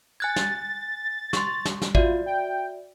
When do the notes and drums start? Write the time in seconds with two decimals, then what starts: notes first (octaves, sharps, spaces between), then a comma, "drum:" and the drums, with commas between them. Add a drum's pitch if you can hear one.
0.20 G#5 F#6 G#6 A6
0.36 drum: snare
1.33 C6 C#6, drum: snare
1.65 drum: snare
1.82 drum: snare
1.95 F4 F#4 D5 E5, drum: kick
2.26 G5